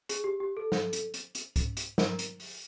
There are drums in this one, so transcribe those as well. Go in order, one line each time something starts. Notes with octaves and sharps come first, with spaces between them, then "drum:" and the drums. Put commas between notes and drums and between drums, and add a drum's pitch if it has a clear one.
G#4, drum: hi-hat
G4
G4
A4
drum: snare
drum: hi-hat
drum: hi-hat
drum: hi-hat
drum: kick C2, hi-hat
drum: hi-hat
A#4, drum: snare
drum: hi-hat
drum: open hi-hat